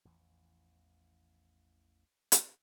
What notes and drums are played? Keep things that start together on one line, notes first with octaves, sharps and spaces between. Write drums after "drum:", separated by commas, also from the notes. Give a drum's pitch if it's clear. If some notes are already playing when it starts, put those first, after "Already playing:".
A1 E2 E3 F3
drum: hi-hat